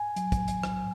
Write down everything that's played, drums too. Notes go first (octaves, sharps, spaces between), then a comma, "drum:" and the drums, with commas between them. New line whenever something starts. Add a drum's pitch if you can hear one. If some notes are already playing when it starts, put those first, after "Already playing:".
Already playing: G#5
F#3, drum: hi-hat
drum: kick, hi-hat
drum: hi-hat
drum: rim click